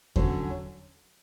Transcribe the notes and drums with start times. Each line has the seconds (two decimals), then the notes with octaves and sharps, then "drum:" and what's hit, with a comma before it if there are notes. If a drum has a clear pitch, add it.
0.16 D3 F#3 C#4, drum: kick E2